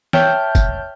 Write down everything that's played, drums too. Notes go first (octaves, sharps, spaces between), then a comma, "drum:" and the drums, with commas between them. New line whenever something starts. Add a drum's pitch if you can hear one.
C#5 E5 G5 A5 F6 G6, drum: snare E3
drum: kick, tambourine